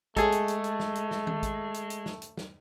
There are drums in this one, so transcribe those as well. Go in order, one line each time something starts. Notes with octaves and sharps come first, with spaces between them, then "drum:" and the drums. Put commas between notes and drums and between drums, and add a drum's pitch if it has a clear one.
G#3 A3 G#4 A4, drum: kick A1, hi-hat
drum: hi-hat
drum: hi-hat
drum: hi-hat
drum: snare
drum: hi-hat
drum: snare
drum: tom D#3
drum: kick A1, hi-hat
drum: hi-hat
drum: hi-hat
drum: snare
drum: hi-hat
drum: snare